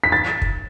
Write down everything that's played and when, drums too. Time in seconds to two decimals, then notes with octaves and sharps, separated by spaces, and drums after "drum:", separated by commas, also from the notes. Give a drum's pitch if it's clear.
0.04 B6
0.12 A6
0.42 drum: kick